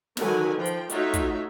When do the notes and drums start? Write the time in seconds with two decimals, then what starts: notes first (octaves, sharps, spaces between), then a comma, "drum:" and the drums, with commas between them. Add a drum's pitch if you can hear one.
0.17 D3 D#3 F#3 A#4 B4 G#5, drum: snare
0.56 F3 G5
0.66 drum: hi-hat
0.90 A3 D#4 F4 F#4 C#5 E5, drum: hi-hat
1.14 drum: kick, hi-hat